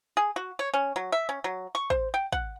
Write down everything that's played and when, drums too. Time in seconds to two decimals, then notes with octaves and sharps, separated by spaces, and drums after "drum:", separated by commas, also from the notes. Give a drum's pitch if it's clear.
0.17 G#4
0.36 F#4
0.59 C#5
0.74 C#4
0.96 F#3
1.12 E5
1.29 C#4
1.44 F#3
1.75 C#6
1.90 C5, drum: kick
2.14 G5
2.32 F#5, drum: kick